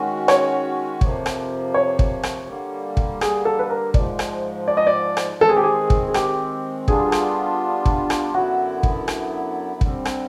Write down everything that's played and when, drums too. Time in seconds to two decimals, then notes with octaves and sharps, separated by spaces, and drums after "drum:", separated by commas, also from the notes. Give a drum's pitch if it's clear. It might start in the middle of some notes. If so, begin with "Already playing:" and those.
Already playing: D#3 G#3 C#4 F#4
0.28 C#5, drum: rim click
1.01 F2 C3 F3 A#3, drum: kick
1.26 drum: rim click
1.74 C#5
1.99 drum: kick
2.23 drum: rim click
2.48 D3 G3 A#3
2.97 drum: kick
3.21 G#4, drum: rim click
3.45 A4
3.59 B4
3.70 A#4
3.94 G#2 F3 G#3 D5, drum: kick
4.19 drum: rim click
4.68 D5
4.77 D#5
4.87 D5
5.17 drum: rim click
5.41 D#3 G#3 C4 A4
5.49 G#4
5.57 G4
5.64 G#4
5.90 drum: kick
6.08 G#4
6.14 G4, drum: rim click
6.88 D3 G3 B3 D4 F4 G#4, drum: kick
7.12 drum: rim click
7.85 drum: kick
8.10 drum: rim click
8.34 F#2 D3 F#3 B3 E4 F#4
8.83 drum: kick
9.08 drum: rim click
9.81 D3 G3 C4, drum: kick
10.05 drum: rim click